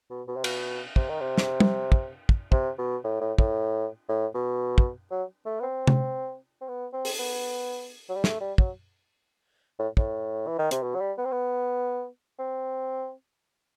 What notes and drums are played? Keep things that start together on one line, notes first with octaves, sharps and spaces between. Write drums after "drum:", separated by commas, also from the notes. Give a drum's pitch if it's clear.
B2
B2
C3
B2, drum: cymbal
C3, drum: kick
D#3
C3
drum: snare
drum: tom G3
drum: kick
drum: kick
C3, drum: kick
B2
A2
A2
A2, drum: kick
A2
B2
drum: kick
F#3
A3
B3
C4
drum: tom C3
C4
B3
C4
drum: open hi-hat
B3
F#3
G3
A3, drum: snare
G3
F#3, drum: kick
A2
A2, drum: kick
E3
D#3
C3, drum: hi-hat
B2
F#3
G3
B3
C4
B3
C4